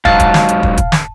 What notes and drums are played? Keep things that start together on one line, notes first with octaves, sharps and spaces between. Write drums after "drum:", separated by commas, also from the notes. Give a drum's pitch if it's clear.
G#2 F#3 F5 A5, drum: kick
drum: kick, hi-hat
drum: snare
drum: hi-hat
drum: kick
drum: kick, hi-hat
drum: snare